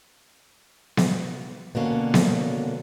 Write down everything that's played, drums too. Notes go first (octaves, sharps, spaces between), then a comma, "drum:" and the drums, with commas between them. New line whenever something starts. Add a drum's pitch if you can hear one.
drum: snare B3
B2 D3 A#3 C#4
drum: snare B3